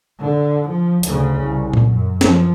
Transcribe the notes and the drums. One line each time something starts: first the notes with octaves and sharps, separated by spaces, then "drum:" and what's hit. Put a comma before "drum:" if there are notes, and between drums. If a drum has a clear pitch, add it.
D3
F3
D2 C#3, drum: hi-hat
C2
drum: tom A#2
F#2
F3, drum: snare